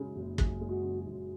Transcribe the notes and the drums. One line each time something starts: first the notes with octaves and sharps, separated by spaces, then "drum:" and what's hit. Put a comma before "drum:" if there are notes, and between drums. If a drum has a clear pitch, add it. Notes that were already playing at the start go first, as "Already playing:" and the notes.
Already playing: F#2 C#3 G#3
F#1
F#2 G#4, drum: kick
G#3
F#4
C#3
F#4
F#1